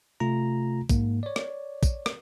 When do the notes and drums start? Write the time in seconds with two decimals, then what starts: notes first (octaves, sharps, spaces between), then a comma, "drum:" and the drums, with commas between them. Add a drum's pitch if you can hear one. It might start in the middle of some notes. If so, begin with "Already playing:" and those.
0.20 C3 A3 F4 A#5
0.89 G#2 A#3, drum: kick, tambourine
1.23 C#5 D5
1.36 drum: rim click
1.83 drum: kick, tambourine
2.06 drum: rim click